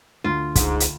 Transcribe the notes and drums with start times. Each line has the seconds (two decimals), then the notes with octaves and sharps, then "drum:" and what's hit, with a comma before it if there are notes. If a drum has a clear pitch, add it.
0.24 D2 F4
0.56 C#2 G#2, drum: kick, hi-hat
0.80 drum: hi-hat